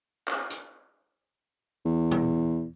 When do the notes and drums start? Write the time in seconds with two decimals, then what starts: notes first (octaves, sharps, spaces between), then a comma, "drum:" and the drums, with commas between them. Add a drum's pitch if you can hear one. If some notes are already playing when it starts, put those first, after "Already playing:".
0.28 drum: clap
0.50 drum: hi-hat
1.85 E2
2.11 drum: tom A#2